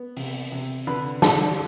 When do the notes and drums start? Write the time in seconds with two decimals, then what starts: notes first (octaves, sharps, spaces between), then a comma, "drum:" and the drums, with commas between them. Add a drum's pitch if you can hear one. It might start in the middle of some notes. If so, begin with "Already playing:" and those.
Already playing: B3
0.17 C3, drum: open hi-hat
0.52 C3
0.87 D3 B4 B5
1.22 D3 A4 A5, drum: snare